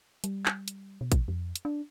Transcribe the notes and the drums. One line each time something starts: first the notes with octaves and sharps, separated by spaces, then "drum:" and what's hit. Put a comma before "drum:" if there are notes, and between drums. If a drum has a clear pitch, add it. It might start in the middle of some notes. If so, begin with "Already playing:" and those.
G3, drum: hi-hat
drum: clap
drum: hi-hat
B2
drum: kick A1, hi-hat
F2
drum: hi-hat
D4